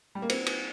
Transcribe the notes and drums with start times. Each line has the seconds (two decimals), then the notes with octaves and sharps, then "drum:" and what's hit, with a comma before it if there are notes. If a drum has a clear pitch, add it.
0.15 G3
0.22 A#3
0.29 C4, drum: cymbal
0.46 drum: cymbal